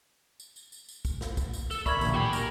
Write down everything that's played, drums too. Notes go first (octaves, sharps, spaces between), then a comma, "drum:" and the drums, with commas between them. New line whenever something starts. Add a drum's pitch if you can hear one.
drum: tambourine
drum: tambourine
drum: tambourine
drum: tambourine
drum: kick, tambourine
drum: snare
drum: kick, tambourine
drum: tambourine
A4, drum: tambourine
A#4 D5 E5 B5 C#6 G#6, drum: kick, tambourine
A#1 D#2 C#6, drum: tambourine
F#4 G4 G#5 B5 G7
A#4, drum: tambourine